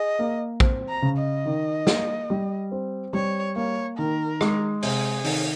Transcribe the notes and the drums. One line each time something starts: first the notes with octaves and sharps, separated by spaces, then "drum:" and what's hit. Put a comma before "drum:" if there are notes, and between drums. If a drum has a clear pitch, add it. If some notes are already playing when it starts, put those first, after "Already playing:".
Already playing: G#4 D#5
A#3
C4, drum: kick
A#5
C#3
D#5
D#3
A#3, drum: snare
G3
C4
G3 C#5
A#3 C#5
D#3 A#4
G#3, drum: rim click
C3 G#4, drum: open hi-hat
D#3, drum: open hi-hat